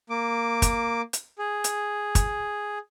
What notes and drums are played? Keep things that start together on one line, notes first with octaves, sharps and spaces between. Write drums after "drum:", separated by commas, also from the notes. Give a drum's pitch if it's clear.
A#3 D6
drum: kick, hi-hat
drum: hi-hat
G#4
drum: hi-hat
drum: kick, hi-hat